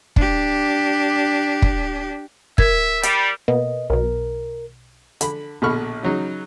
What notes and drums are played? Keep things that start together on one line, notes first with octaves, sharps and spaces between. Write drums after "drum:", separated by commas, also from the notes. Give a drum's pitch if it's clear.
D4 G4, drum: kick
drum: kick
A#4 E5 G#6, drum: kick
G3, drum: hi-hat
B2 A#3 B3 D#5
B1 B2 A#4
D3 B5, drum: hi-hat
A#1 B2 D3 B5 C#6 F6
C#3 F#3 D#4